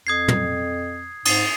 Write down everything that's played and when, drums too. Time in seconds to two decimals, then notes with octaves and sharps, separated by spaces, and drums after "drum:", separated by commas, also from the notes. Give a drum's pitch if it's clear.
0.06 F2 D#6 G#6 C7
0.28 drum: tom
1.25 G#2 D#6 C7 F7, drum: cymbal